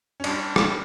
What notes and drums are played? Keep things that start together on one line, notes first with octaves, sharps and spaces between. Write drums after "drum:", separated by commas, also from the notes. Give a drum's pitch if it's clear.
C#4
G3 D4, drum: cymbal
drum: rim click